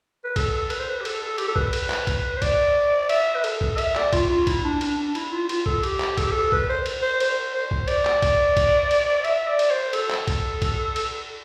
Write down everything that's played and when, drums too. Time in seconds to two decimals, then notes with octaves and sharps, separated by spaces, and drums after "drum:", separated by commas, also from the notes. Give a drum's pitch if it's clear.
0.24 B4
0.36 A4, drum: kick B1, cymbal
0.70 B4, drum: cymbal
0.80 C5
0.89 B4
1.01 G4
1.05 A4, drum: cymbal
1.22 A4
1.38 G4, drum: cymbal
1.48 A4
1.56 B4, drum: kick B1
1.73 drum: cymbal
1.90 drum: clap
2.07 drum: kick B1, cymbal
2.37 C5
2.42 D5, drum: kick B1, cymbal
3.09 E5, drum: cymbal
3.35 B4
3.44 A4, drum: cymbal
3.61 drum: kick B1
3.78 E5, drum: cymbal
3.95 D5, drum: clap
4.13 F4, drum: kick B1, cymbal
4.29 F4
4.47 E4, drum: kick B1, cymbal
4.64 D4
4.81 D4, drum: cymbal
4.98 D4
5.15 E4, drum: cymbal
5.32 F4
5.49 F4, drum: cymbal
5.66 A4, drum: kick B1
5.83 G4, drum: cymbal
6.00 drum: clap
6.17 A4, drum: kick B1, cymbal
6.24 G4
6.32 A4
6.52 B4, drum: kick B1
6.69 C5
6.86 drum: cymbal
7.02 C5
7.20 C5, drum: cymbal
7.54 C5
7.71 drum: kick B1
7.88 D5, drum: cymbal
8.05 drum: clap
8.22 drum: kick B1, cymbal
8.57 drum: kick B1, cymbal
8.91 drum: cymbal
9.25 E5, drum: cymbal
9.48 D5
9.59 drum: cymbal
9.70 C5
9.93 A4, drum: cymbal
10.10 drum: clap
10.27 drum: kick B1, cymbal
10.62 drum: kick B1, cymbal
10.96 drum: cymbal